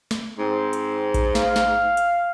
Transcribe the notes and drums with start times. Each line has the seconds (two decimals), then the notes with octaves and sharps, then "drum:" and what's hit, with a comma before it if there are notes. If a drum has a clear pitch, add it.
0.11 drum: snare
0.39 G#2 C4
0.73 drum: hi-hat
1.14 drum: kick A#1, hi-hat
1.35 F5, drum: snare
1.56 drum: snare
1.97 drum: hi-hat